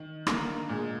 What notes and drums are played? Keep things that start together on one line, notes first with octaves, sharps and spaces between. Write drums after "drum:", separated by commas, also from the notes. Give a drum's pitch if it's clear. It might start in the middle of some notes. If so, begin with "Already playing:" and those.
Already playing: D#3
D3 A#3, drum: rim click
A#2 G#3